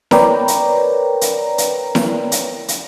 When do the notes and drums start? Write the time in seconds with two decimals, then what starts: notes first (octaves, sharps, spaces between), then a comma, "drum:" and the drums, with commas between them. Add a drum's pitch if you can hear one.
0.11 A#4 B4 C#5 D5 G5 A#5, drum: snare E4
0.48 drum: hi-hat
1.21 drum: hi-hat
1.58 drum: hi-hat
1.95 drum: snare E4
2.32 drum: hi-hat
2.68 drum: hi-hat